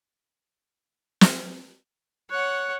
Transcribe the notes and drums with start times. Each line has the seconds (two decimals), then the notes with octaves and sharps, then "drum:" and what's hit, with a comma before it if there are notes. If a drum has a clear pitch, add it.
1.21 drum: snare
2.31 C#5 F#5 F#6